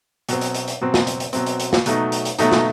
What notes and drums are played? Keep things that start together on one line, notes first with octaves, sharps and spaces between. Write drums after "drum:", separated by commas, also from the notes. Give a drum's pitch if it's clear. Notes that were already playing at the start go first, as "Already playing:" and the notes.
B2 F#3 C4, drum: hi-hat
drum: hi-hat
drum: hi-hat
drum: hi-hat
B2 F#3 C4
drum: snare
drum: hi-hat
drum: hi-hat
B2 F#3 C4, drum: hi-hat
drum: hi-hat
drum: hi-hat
drum: snare
B2 F#3 A3 D#4, drum: hi-hat
drum: hi-hat
drum: hi-hat
B2 F#3 A3 D#4, drum: hi-hat
drum: snare